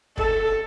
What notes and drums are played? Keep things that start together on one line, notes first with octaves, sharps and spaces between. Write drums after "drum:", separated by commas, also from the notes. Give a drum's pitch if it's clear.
A4, drum: kick